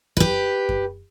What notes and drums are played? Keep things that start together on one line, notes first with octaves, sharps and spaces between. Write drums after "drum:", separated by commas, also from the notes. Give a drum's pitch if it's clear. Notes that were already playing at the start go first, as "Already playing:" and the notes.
G4 B4, drum: kick F#2
drum: kick F#2